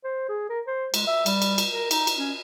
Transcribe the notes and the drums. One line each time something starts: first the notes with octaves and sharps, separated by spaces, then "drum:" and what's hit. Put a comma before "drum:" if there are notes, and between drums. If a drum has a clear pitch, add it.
C5
G#4
A#4
C5
G#3, drum: cymbal
E5
G3, drum: cymbal
drum: cymbal
drum: cymbal
A#4
D#4, drum: cymbal
drum: cymbal
C#4